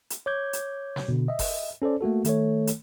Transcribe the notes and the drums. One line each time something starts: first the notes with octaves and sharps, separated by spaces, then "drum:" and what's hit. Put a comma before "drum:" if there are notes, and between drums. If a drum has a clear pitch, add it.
drum: hi-hat
C#5 D6 G6 G#6
drum: hi-hat
drum: snare
B2 D3
D#5 E5
drum: kick F#1, open hi-hat
C#4 A4 C5 D5
A3 A#3 F#4 A4
D#3 A3 A4 C#5, drum: hi-hat
drum: hi-hat